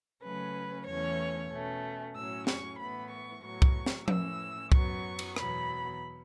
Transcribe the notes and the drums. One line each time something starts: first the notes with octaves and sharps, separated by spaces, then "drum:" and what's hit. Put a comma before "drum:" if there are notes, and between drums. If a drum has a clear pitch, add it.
C#3 F#3 A3 C#4 B4
E2 E3 A3 C#4 C#5
B2 A3 C#4
A2 F#3 C#4 E6
C#6, drum: snare
A2 E3 B3 B5
C#6
A2 F#3 B3 C#6
drum: kick C2
drum: snare
A2 E3 C#4 E6, drum: tom F3
F#2 F#3 B3 C#6, drum: kick C2
drum: cymbal
E2 B2 F#3 B5, drum: rim click